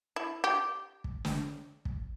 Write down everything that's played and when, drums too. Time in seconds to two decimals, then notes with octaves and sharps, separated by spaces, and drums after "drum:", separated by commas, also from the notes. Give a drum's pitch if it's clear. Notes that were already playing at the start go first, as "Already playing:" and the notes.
0.16 E4
0.44 G4
1.04 drum: kick
1.25 drum: snare
1.85 drum: kick